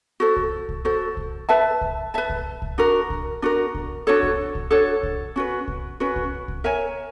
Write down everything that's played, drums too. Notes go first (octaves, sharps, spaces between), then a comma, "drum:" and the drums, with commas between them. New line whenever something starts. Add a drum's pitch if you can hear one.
F#4 A4 C5
drum: kick C2
drum: kick C2
F#4 A4 C5
drum: kick C2
B4 E5 A5
drum: kick C2
B4 E5 A5
drum: kick C2
drum: kick C2
D4 F#4 A#4
drum: kick C2
D4 F#4 A#4
drum: kick C2
D4 F#4 A4 C#5
drum: kick C2
drum: kick C2
D4 F#4 A4 C#5
drum: kick C2
C#4 F#4 B4
drum: kick C2
C#4 F#4 B4
drum: kick C2
drum: kick C2
A#4 C#5 E5 G#5